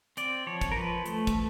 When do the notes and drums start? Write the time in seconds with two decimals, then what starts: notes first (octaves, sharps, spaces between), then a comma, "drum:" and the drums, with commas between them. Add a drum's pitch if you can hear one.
0.17 C4 D5, drum: hi-hat
0.47 F3 C#5
0.61 drum: kick, hi-hat
0.72 A#4
0.76 F3 B4
1.06 A3, drum: hi-hat
1.27 drum: kick, hi-hat